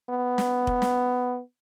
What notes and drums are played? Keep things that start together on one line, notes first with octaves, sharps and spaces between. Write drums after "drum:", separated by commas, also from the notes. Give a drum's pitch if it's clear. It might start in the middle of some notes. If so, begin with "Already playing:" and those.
B3
drum: snare
drum: kick F1
drum: snare